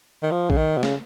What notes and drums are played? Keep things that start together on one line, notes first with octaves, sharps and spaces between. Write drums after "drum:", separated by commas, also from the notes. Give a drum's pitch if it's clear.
D#3
F3
C#3, drum: kick A#1
D#3
B2
C#3, drum: snare